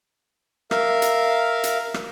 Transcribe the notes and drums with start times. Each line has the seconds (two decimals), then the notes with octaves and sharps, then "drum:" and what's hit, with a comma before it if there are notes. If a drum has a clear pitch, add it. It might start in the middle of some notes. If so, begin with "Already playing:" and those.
0.71 A#4 E5 F5, drum: rim click
1.02 drum: hi-hat
1.64 drum: hi-hat
1.94 drum: rim click